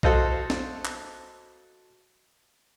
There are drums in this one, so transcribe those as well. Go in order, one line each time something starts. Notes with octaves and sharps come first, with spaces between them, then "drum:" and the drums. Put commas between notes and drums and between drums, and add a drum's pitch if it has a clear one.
F#4 A4 C5 D#5 F5, drum: kick B1
drum: snare
drum: clap